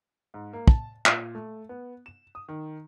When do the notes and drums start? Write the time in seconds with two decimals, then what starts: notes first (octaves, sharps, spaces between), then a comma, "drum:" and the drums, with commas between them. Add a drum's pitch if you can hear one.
0.34 G#2
0.53 A#3
0.68 A5, drum: kick
1.06 A#2, drum: clap
1.35 A3
1.69 B3
2.06 E7
2.35 D#6
2.48 D#3